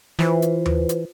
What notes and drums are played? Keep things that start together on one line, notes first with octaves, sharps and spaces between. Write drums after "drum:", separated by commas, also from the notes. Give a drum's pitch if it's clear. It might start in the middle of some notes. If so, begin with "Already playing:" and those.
E3 F4 B4 C5, drum: snare
drum: hi-hat
drum: tom D#2
drum: hi-hat